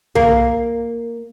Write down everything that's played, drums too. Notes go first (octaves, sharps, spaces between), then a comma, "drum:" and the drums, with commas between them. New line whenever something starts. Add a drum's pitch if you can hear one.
A#3, drum: tom C2